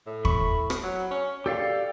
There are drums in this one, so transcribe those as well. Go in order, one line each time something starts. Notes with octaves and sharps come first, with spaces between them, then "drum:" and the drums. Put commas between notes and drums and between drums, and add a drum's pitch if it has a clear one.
A2
B5 C#6, drum: kick
drum: rim click
F#3
C#4
G4 A4 D5 F5